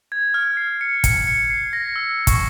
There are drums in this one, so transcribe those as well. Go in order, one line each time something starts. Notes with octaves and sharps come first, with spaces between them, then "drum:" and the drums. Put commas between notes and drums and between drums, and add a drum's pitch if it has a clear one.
G#6
F6
C7
C#7
C#7, drum: kick, hi-hat
C#7
C7
A#6
E6
C#6, drum: kick, hi-hat